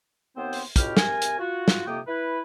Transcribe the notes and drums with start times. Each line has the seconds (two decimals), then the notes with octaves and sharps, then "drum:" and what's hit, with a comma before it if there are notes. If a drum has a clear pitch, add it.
0.36 D#2 B3 C4 C5
0.53 drum: open hi-hat
0.76 C#2 B2 E4 G4 F6, drum: kick, hi-hat
0.97 C3 A#4 G#5, drum: snare
1.22 drum: hi-hat
1.39 F4 F#4
1.68 drum: snare
1.86 F2 C3 A#3 G5 D#6
2.07 E4 B4